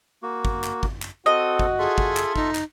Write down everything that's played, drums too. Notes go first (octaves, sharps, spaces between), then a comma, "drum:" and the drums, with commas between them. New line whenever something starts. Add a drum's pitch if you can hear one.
A#3 F#4
drum: kick
drum: clap
drum: kick
drum: clap
C4 F#4 A4 D#5
drum: kick
F4 G#4 A4 E5
drum: kick
drum: clap
D#4, drum: kick
drum: clap